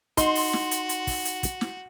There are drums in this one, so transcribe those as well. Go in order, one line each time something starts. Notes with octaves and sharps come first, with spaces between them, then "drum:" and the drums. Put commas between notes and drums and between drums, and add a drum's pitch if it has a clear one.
D#4 F#4 C6, drum: kick, hi-hat
drum: open hi-hat
drum: snare
drum: hi-hat
drum: hi-hat
drum: kick, open hi-hat
drum: hi-hat
drum: kick, hi-hat
drum: snare